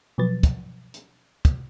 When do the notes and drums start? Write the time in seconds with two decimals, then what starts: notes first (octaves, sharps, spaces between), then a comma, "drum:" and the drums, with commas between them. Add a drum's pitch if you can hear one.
0.18 B2 F3 F#3 B4 A6
0.43 drum: kick, hi-hat
0.94 drum: hi-hat
1.45 drum: kick, hi-hat